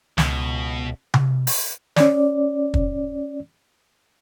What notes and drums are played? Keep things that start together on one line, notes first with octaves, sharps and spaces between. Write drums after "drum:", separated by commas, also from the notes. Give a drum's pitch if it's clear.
C#2 B2, drum: snare
drum: tom C3
drum: open hi-hat
C#4 D5, drum: snare
drum: kick